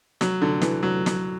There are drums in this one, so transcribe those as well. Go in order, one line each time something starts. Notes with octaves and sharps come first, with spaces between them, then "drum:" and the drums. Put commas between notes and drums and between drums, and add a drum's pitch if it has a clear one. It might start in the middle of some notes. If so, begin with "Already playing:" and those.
F#3, drum: snare
D3
E3, drum: snare
F#3
drum: snare